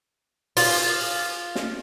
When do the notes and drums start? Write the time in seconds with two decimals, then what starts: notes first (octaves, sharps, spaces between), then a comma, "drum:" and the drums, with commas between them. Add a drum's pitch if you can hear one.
0.57 F4, drum: open hi-hat
1.55 drum: snare